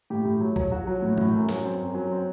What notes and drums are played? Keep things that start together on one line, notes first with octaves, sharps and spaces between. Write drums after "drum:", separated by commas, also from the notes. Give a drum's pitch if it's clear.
A2 G4
A2
F#3
F#3, drum: kick
F#3 F#4
F#3
A2
A2, drum: tom
F#2
F#3, drum: snare
C4
F#2
F#3
C4